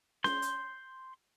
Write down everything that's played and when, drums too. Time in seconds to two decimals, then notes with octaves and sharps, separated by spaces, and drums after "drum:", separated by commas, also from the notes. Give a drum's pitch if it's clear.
0.24 C6 G6, drum: snare C#4
0.42 drum: hi-hat